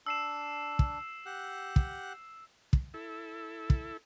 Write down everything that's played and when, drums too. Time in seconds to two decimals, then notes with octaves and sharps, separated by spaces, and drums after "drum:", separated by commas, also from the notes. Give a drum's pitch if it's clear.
0.06 D4 E6 C7 E7
0.79 drum: kick
1.26 G4 F#5 F#6
1.76 drum: kick
2.73 drum: kick
2.94 E4 A4
3.70 drum: kick